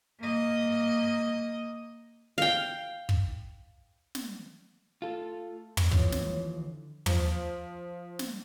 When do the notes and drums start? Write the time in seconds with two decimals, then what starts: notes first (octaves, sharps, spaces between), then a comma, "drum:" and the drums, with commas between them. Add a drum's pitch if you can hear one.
0.19 A#3 D#5
2.38 F5 G5
3.09 drum: kick
4.15 drum: snare
5.02 A3 F4 A4
5.77 drum: tom
5.91 D#2 E3 F3 C#5, drum: kick
6.12 drum: snare
6.55 D3
7.06 F3, drum: tom
8.19 drum: snare